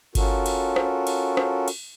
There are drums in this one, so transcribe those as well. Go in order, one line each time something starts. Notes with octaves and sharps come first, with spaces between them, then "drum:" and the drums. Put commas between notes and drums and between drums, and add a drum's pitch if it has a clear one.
C#4 F4 F#4 A4 A#4, drum: kick G1, cymbal
drum: cymbal
drum: rim click
drum: cymbal
drum: rim click
drum: cymbal